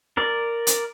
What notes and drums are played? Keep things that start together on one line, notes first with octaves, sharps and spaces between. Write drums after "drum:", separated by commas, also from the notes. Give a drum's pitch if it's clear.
A#4 D5
drum: hi-hat